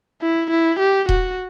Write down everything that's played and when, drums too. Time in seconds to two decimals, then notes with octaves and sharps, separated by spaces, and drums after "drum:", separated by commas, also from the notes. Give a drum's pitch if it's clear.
0.22 E4
0.51 E4
0.79 G4
1.09 F#4, drum: kick D#1